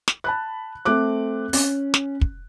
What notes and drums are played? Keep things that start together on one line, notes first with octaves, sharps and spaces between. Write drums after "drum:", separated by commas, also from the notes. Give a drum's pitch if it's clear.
drum: snare
A5 B5 F#6
A3 C4 D6 F#6
C#4, drum: open hi-hat
drum: snare
drum: kick